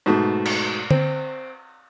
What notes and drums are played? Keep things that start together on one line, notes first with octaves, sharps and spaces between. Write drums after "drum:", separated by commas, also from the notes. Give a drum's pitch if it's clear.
G#2 B2 A3
drum: cymbal
C4, drum: tom D3